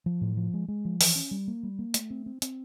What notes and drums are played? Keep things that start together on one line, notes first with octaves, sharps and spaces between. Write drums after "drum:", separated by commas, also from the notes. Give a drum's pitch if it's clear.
F3
A2
F3
G#3
G#3
F3
E3, drum: open hi-hat
C#4
G3
A#3
G3
A#3
A3, drum: hi-hat
C4
C4
C4, drum: hi-hat